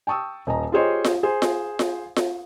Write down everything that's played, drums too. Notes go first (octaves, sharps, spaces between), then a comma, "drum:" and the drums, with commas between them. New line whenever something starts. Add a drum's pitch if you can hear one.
G5 A5 C#6 D#6 E6
D#1 D#5 A#5
F4 G4 G#4 C5 C#5 D#5
drum: snare F4
G#4 C5 G#5
drum: snare F4
drum: snare F4
drum: snare F4